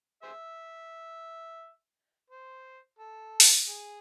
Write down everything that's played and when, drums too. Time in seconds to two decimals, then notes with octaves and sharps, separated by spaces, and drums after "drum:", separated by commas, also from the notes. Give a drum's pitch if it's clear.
0.23 G#4 C5 E5
2.30 C5
2.99 A4
3.40 drum: open hi-hat
3.68 G#4